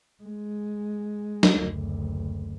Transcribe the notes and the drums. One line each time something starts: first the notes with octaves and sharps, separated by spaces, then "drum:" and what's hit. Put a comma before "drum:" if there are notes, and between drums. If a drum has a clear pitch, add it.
G#3
drum: snare
F#1 D2